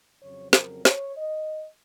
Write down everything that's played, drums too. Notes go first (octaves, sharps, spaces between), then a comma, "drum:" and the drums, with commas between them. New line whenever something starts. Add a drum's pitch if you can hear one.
F2 C#3 F#3 C4 C#5
A#4, drum: snare
C#5, drum: snare
D#5